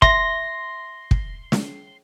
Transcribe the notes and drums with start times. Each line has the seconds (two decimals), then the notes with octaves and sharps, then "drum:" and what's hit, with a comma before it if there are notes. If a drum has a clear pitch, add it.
0.02 E5 C6 A#6, drum: kick
1.11 drum: kick
1.52 drum: snare